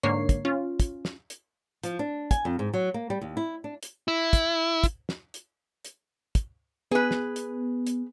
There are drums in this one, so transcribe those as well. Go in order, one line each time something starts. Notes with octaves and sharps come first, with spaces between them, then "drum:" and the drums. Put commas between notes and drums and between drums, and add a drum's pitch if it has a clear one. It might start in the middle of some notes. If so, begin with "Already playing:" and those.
G#2 D3 A#3 C#5 C7
drum: kick, hi-hat
C#4 F4
drum: kick, hi-hat
drum: snare
drum: hi-hat
F3, drum: hi-hat
D4
G#5, drum: kick, hi-hat
F2
G#2
F#3
A#3
G3
D#2
E4
D4
drum: hi-hat
E4
drum: kick, hi-hat
drum: kick, hi-hat
drum: snare
drum: hi-hat
drum: hi-hat
drum: kick, hi-hat
B3 G#4 B4
drum: snare
drum: hi-hat
drum: hi-hat